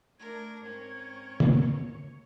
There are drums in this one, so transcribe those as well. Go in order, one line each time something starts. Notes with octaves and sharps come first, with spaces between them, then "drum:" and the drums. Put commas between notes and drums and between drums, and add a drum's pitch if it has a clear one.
A3 D4 A#4 G#6
G#2 C4 C#4 A#4 C#5
drum: tom